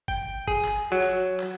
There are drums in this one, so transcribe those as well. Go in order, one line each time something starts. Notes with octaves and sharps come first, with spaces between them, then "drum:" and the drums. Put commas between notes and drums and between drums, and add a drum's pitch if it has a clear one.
G5, drum: kick F#1
G#4, drum: kick F#1
drum: clap
F#3
drum: clap
drum: clap